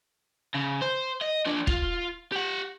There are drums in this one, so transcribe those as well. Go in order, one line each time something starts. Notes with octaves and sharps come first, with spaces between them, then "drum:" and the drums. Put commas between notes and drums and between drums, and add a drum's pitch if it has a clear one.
C#3
C5
D#5
F3 D4
F4, drum: kick
G4 F#5